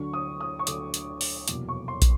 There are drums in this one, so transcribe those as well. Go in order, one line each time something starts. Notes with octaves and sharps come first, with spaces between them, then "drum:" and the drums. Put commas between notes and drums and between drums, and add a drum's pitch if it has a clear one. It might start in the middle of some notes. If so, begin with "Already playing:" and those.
Already playing: D2 D3 F#3 C#6
D#6
D#6
C#6
D2 D3 F#3 D6, drum: hi-hat
drum: hi-hat
drum: open hi-hat
F1 E2 B2 F#3 A#3 D6, drum: hi-hat
C#6
C6
drum: kick, hi-hat